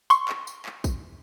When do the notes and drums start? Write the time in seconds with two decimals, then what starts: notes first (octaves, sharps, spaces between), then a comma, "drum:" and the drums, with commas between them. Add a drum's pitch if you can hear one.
0.10 C6 C#6, drum: tambourine
0.29 drum: clap
0.47 drum: tambourine
0.66 drum: clap
0.84 drum: kick, tambourine